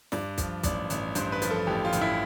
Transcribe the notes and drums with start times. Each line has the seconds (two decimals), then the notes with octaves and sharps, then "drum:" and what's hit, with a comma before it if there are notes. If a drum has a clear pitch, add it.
0.12 G2 D5, drum: snare
0.38 F3, drum: kick, hi-hat
0.63 A1 D5, drum: kick, hi-hat
0.90 A1, drum: hi-hat
1.15 G2 C5, drum: hi-hat
1.32 B4
1.42 F3, drum: hi-hat
1.51 A4
1.67 A1 G4
1.85 F4
1.93 A1, drum: hi-hat
2.01 E4